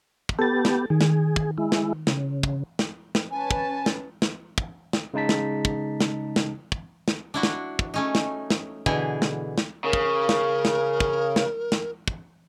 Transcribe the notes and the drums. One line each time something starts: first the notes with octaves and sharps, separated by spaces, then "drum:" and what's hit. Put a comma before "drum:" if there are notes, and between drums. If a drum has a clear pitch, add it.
drum: kick
B3 G4 A4 A6
drum: snare
D#3 G#4
drum: snare
drum: kick
G#3 E4
drum: snare
C#3, drum: snare
drum: kick
drum: snare
drum: snare
C#4 B4 G#5 A5
drum: kick
drum: snare
drum: snare
drum: kick
drum: snare
C#3 G#3 D#4 A5 B6
drum: snare
drum: kick
drum: snare
drum: snare
drum: kick
drum: snare
D4 E4 F#4
drum: snare
drum: kick
A3 C#4 D#4
drum: snare
drum: snare
B2 D3 E3 E4 G#4, drum: kick
drum: snare
drum: snare
C#3 A#4
drum: kick
drum: snare
drum: snare
drum: kick
drum: snare
drum: snare
drum: kick